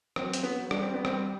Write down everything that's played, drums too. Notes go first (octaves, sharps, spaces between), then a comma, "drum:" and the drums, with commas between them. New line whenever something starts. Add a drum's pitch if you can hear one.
F#3 C4, drum: rim click
C4, drum: hi-hat
B3
F#3
G3 D4, drum: rim click
C4
B3
C4, drum: rim click